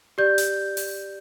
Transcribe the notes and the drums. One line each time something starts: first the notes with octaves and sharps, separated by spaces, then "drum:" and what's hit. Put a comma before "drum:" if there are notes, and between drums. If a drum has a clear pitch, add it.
G4 D5 G6
drum: hi-hat
drum: open hi-hat